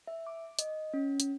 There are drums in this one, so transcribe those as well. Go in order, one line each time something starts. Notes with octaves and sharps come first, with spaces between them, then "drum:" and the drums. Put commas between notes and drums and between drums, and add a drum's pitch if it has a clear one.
E5
D6
D#5, drum: hi-hat
C#4
drum: hi-hat